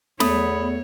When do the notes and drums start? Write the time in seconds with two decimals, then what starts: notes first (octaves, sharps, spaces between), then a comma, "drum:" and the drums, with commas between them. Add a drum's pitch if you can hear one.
0.20 E2 A3 B3 C#5 B5 D#6, drum: snare